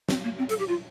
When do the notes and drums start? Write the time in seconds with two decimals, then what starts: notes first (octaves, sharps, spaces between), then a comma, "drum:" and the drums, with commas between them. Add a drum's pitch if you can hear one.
0.09 C4, drum: snare
0.24 A#3
0.38 C4
0.49 A4, drum: hi-hat
0.59 G4
0.68 F4